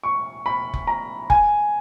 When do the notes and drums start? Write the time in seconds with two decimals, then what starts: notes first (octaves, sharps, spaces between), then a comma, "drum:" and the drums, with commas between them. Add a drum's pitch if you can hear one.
0.03 C#6
0.46 B5
0.74 drum: kick F1
0.87 A#5
1.30 G#5, drum: kick F1